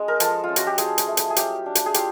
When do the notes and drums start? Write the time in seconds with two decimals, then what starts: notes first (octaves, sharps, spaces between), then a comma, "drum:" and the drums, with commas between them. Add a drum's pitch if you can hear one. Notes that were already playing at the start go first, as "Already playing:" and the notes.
Already playing: G#3 C#4 D#5
0.08 A#4
0.20 F3 A4, drum: hi-hat
0.44 F4
0.49 C#4
0.56 F#4, drum: hi-hat
0.67 G4
0.78 F4 G#4, drum: hi-hat
0.98 drum: hi-hat
1.07 A3
1.17 drum: hi-hat
1.30 G#4
1.36 F#3 G4, drum: hi-hat
1.66 D4
1.75 drum: hi-hat
1.86 G#4
1.94 F4 G4, drum: hi-hat